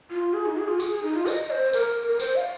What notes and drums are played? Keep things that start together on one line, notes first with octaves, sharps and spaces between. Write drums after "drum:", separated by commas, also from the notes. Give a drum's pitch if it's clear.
F4
G#4
D#4
G#4
F4
G#4, drum: tambourine
G#4
D#4
F4
D#5, drum: tambourine
C5
A#4, drum: tambourine
A#4
C5, drum: tambourine
F5